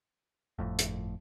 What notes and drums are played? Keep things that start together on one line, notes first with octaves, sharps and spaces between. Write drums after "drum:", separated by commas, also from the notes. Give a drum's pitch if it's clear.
G1 F2 A2
drum: hi-hat